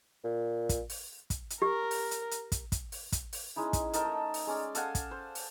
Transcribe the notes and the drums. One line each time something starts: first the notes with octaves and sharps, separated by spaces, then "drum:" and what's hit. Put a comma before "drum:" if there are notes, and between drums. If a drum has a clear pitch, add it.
A#2
drum: kick, hi-hat
drum: open hi-hat
drum: kick, hi-hat
drum: hi-hat
G4 A#4
drum: open hi-hat
drum: hi-hat
drum: hi-hat
drum: kick, hi-hat
drum: kick, hi-hat
drum: open hi-hat
drum: kick, hi-hat
drum: open hi-hat
G#3 C#4 D#4 E4
drum: kick, hi-hat
D#4 A4 A#4 C#5, drum: hi-hat
A3
drum: open hi-hat
G#3 C#4 D5
A4 F5 F#5 G#5, drum: hi-hat
drum: kick, hi-hat
C5
drum: open hi-hat